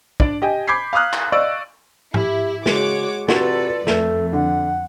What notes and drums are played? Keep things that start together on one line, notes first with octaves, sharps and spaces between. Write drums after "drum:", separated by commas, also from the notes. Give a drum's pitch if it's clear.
D4 D5, drum: kick
G4 D#5 G5 G#5
B5 D6 G6 G#6 B6 C7
F5 A#5 D6 D#6 F6 F#6
drum: clap
D5 D#5 F5 C#6 E6
E4 G4, drum: tom
C#3 G#3 F#4 C#5 D6, drum: snare
C3 F4 F#4 A4 B4 D5, drum: snare
F2 A3 A4, drum: snare
D3 F#5